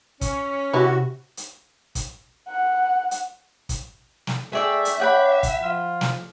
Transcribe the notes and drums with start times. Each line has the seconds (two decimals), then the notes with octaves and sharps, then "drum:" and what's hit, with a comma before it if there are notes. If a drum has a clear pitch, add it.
0.21 C#4, drum: kick, hi-hat
0.73 C3 E4 F#4 G4
1.37 drum: hi-hat
1.95 drum: kick, hi-hat
2.48 F#5
3.11 drum: hi-hat
3.69 drum: kick, hi-hat
4.27 drum: snare
4.53 A3 G#4 D5 E5 G5
4.85 drum: hi-hat
5.00 D4 C#5 F#5 G5 B5
5.43 drum: kick, hi-hat
5.62 F3 F4
6.01 drum: snare